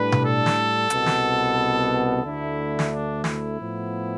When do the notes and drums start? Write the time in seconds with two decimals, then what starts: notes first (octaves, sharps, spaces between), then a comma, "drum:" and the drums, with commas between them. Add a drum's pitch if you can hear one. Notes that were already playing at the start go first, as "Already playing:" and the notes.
Already playing: A2 G3 D4 B4
0.12 drum: tom B2
0.24 A4
0.46 drum: snare
0.90 C2 B2 B3, drum: hi-hat
1.06 drum: snare
2.23 D2 D3 A3 D4 E4
2.79 drum: snare
2.90 D4
3.24 E4, drum: snare
3.57 A2 F3 B3